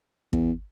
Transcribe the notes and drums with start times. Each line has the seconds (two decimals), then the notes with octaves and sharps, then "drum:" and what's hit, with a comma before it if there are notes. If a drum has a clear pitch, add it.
0.33 E2, drum: kick